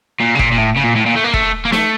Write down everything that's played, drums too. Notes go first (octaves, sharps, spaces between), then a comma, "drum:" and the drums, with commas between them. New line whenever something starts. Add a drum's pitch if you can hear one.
A#2
C#3
A#2, drum: kick F1
A#2
A2
C#3
A#2
A2
A#2
A3
A#3
A3, drum: kick F1
A#3
A3, drum: snare